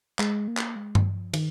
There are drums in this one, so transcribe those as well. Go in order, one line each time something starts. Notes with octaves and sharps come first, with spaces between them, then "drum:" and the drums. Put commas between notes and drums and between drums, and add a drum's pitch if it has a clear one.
G#3, drum: clap
A#3
drum: clap
G#3
F#3, drum: tom G2
D#3
F3
D#3, drum: cymbal